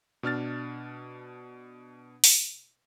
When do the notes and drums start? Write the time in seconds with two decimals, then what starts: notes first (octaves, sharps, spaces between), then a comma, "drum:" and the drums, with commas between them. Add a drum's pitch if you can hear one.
0.23 B2 D4 F6 A6
2.24 drum: open hi-hat